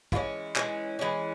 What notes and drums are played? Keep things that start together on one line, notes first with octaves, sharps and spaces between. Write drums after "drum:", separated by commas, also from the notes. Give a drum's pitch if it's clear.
E3 G#3 C#4 F4, drum: kick
E3 G#3 C#4, drum: clap
E3 G#3 C#4